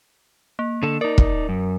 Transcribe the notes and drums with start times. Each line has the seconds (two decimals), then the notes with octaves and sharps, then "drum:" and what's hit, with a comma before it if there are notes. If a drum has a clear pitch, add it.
0.59 A#3
0.83 D3 A4
1.01 D#4 A#4 D5
1.18 drum: kick
1.49 F#2